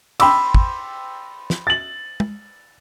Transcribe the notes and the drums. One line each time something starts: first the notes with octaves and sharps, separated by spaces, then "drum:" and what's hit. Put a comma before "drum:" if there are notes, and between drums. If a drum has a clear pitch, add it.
G5 B5 C6 D6 E6, drum: cymbal
drum: kick
drum: snare
A6 F#7
drum: tom